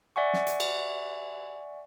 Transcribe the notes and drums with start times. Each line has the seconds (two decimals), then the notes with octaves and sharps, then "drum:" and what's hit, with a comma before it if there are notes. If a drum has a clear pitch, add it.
0.16 D5 E5 F#5 G#5 C#6
0.33 drum: snare
0.47 drum: hi-hat
0.60 drum: cymbal